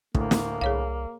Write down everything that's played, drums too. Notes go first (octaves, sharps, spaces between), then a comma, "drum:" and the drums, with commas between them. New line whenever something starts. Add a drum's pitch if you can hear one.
D2 A2 A#3, drum: kick
drum: snare
C2 G#4 C#5 F5